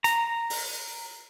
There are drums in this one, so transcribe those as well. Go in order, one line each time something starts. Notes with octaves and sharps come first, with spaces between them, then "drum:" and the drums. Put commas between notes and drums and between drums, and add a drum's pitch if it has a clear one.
A#5, drum: hi-hat
drum: open hi-hat